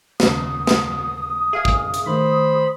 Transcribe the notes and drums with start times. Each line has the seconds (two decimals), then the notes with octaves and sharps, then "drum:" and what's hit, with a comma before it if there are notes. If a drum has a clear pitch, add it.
0.20 D#2 C#3 D#6, drum: snare
0.67 drum: snare
1.53 G#4 E5 F5
1.65 drum: kick
1.94 drum: hi-hat
2.06 D#3 A3 C5 B5